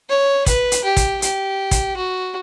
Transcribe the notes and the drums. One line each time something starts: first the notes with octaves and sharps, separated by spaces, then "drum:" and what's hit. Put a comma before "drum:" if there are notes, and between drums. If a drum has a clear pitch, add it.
C#5
B4, drum: kick, hi-hat
drum: hi-hat
G4
drum: kick, hi-hat
G4, drum: hi-hat
drum: kick, hi-hat
F#4